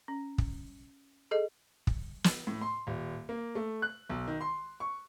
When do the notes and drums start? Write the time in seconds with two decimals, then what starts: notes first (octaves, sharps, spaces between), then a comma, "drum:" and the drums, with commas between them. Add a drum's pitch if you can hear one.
0.08 C#4
0.38 drum: kick
1.31 G#4 A4 D#5
1.87 drum: kick
2.24 drum: snare
2.47 A2
2.62 C6
2.87 D#1
3.29 A#3
3.55 A3
3.82 F#6
4.09 B1
4.28 D#3
4.41 C6
4.80 C#6